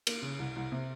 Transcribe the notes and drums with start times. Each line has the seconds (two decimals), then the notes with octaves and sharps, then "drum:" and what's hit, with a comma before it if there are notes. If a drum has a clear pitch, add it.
0.07 A#3, drum: cymbal
0.22 C#3
0.39 C2
0.56 C2
0.72 C3